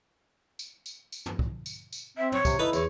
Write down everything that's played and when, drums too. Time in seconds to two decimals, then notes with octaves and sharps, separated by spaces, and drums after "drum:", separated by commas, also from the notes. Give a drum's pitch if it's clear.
0.59 drum: tambourine
0.86 drum: tambourine
1.12 drum: tambourine
1.26 drum: tom
1.39 drum: kick
1.66 drum: tambourine
1.93 drum: tambourine
2.18 C4 E5
2.32 C#5, drum: tom
2.45 C3, drum: kick, tambourine
2.59 D#4 E4 A4 B4
2.73 E2 C#5, drum: tambourine